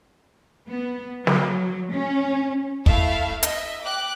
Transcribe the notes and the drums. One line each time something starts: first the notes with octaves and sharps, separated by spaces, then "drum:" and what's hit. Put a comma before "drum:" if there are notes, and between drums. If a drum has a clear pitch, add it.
B3
F#3, drum: snare
C#4
A3 E4 E5 F5, drum: kick
D#5 E5, drum: hi-hat
G5 D6 F#6